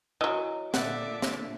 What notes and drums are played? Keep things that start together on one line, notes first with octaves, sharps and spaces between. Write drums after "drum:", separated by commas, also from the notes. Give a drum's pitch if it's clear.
E3 F#3 D#5
A#2 D3 D5 E5 F#5, drum: snare
drum: snare